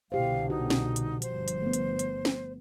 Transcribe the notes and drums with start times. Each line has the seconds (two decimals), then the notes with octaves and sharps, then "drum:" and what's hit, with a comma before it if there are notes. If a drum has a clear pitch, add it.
0.12 C2 B2 D3 E4 G4 C5 F5
0.50 D#4 F#4
0.70 drum: snare
0.96 drum: hi-hat
1.22 G1 F3 C5, drum: hi-hat
1.48 drum: hi-hat
1.62 A3 B3
1.73 drum: hi-hat
1.99 drum: hi-hat
2.25 drum: snare